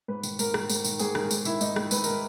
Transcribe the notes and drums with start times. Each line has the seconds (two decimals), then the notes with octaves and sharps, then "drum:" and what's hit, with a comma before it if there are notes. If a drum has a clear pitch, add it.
0.08 G#2 B4
0.23 D#3, drum: tambourine
0.39 G#2 A#4, drum: tambourine
0.54 D#3, drum: rim click
0.70 G#2, drum: tambourine
0.84 D#3, drum: tambourine
0.99 G#2 G#4, drum: tambourine
1.15 D#3 A#4, drum: rim click
1.31 G#2, drum: tambourine
1.45 D#3 E4, drum: tambourine
1.61 G#2 D#4, drum: tambourine
1.76 D#3, drum: rim click
1.91 G#2 B4, drum: tambourine
2.04 D#3 A#4, drum: tambourine